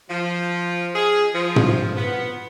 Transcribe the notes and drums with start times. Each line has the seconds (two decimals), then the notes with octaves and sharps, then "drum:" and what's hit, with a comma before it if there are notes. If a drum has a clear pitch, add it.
0.10 F3
0.95 G#4
1.35 F3
1.56 drum: tom
1.97 B3